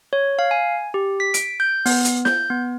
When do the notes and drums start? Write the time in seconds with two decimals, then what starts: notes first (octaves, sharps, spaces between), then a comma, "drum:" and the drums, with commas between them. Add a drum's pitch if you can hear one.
0.13 C#5
0.39 F5
0.51 G#5
0.94 G4
1.20 B6
1.34 D7, drum: hi-hat
1.60 G6
1.86 B3, drum: open hi-hat
2.05 drum: hi-hat
2.25 G6, drum: snare
2.50 B3